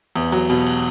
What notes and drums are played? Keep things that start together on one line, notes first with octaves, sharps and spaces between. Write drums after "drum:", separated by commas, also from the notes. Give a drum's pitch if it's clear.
E2, drum: cymbal
F#3, drum: cymbal
B2, drum: cymbal
drum: cymbal